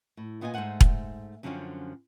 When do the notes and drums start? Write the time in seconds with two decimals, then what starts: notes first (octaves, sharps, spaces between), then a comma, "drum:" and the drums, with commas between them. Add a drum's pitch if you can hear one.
0.17 A2
0.41 A#2 B3 F4 D#5 G5 G#5
0.54 G#2 A3 F4 C5 F#5 G#5
0.81 drum: kick E1
1.43 F#2 D3 F3 C4 C#4 F4